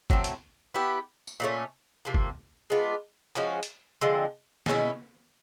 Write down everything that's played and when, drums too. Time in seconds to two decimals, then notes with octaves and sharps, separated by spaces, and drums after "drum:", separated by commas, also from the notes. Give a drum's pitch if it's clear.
0.10 A2 F#3 A3 C4, drum: kick
0.24 drum: hi-hat
0.74 B3 E4 G4 B4
1.27 drum: tambourine
1.40 A#2 F#3 A3 C#4
2.05 C3 F3 A#3
2.14 drum: kick
2.70 G#3 B3 D4 F4
3.36 F3 G#3 C#4 F#4, drum: clap
3.63 drum: hi-hat
4.01 D3 F3 G#3 C4
4.66 B2 G#3 C#4 E4, drum: snare